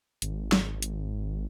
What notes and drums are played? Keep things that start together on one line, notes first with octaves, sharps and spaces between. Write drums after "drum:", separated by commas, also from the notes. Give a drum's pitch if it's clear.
G#1, drum: hi-hat
drum: snare
drum: hi-hat